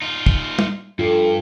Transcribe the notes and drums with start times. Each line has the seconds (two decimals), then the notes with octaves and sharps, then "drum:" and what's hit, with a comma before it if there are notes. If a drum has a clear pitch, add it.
0.02 D#4 F4
0.26 drum: kick
0.59 drum: tom
0.99 G2 F4 A4